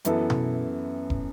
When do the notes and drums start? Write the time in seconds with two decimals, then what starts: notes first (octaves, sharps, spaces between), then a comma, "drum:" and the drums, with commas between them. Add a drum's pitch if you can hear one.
0.05 F#2 E3 B3 E4 A4, drum: hi-hat
0.30 drum: tom B2
1.10 drum: kick